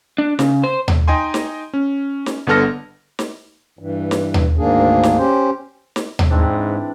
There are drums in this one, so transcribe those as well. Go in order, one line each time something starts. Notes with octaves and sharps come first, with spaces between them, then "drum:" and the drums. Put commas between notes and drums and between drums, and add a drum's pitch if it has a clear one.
D4
C#3, drum: snare
C5
drum: tom D#2
D#4 D#5 G5 G#5 C6
drum: snare
C#4
drum: snare
G1 D3 B3 A4 F6 A#6
drum: snare
G2 E3
drum: snare
drum: tom D#2
D2 G#2 D#3 A#3 D4 G#4
drum: snare
C#4 G4 C5
drum: snare
drum: tom D#2
G#2 E3 C4 D4